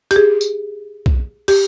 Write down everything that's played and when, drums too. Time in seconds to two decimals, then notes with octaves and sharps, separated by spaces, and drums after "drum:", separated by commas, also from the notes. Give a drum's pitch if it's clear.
0.11 G4, drum: hi-hat
0.16 G#4
0.41 drum: tambourine
1.06 drum: kick B1
1.48 G4, drum: cymbal